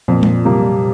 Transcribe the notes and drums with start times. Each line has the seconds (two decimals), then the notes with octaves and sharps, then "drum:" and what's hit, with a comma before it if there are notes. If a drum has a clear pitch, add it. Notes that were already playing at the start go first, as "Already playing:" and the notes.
0.08 F2 A#2
0.23 drum: tom
0.45 C3 G3 A#3